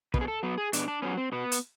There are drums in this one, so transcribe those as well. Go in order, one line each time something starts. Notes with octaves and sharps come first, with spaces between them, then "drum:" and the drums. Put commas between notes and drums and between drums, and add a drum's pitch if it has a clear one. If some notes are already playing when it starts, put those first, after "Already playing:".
B2 B4, drum: kick
G#4
A4
F#3 B3
G#4
B2 D4, drum: hi-hat
D4
F#3 B3 C#4
C4
B2 B3
drum: hi-hat